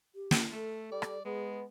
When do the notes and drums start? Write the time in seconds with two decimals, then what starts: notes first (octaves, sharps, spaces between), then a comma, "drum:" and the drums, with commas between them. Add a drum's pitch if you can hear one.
0.15 G4
0.31 drum: snare
0.52 A3 A4
0.92 G3 D5
1.02 drum: rim click
1.25 G#3 B3 G#4